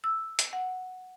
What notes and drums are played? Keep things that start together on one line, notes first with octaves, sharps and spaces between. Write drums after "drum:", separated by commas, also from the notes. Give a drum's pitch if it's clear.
E6
drum: hi-hat
F#5